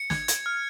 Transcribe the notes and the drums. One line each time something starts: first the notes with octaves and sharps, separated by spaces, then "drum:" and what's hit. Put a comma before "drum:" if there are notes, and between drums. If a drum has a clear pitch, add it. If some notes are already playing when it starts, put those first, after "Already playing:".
Already playing: C#7
G#6, drum: snare
G#6, drum: hi-hat
F6